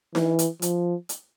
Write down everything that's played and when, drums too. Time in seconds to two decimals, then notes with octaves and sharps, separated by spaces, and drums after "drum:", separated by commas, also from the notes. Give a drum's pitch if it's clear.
0.15 E3, drum: snare D#4
0.39 drum: hi-hat
0.62 F3, drum: hi-hat
1.09 drum: hi-hat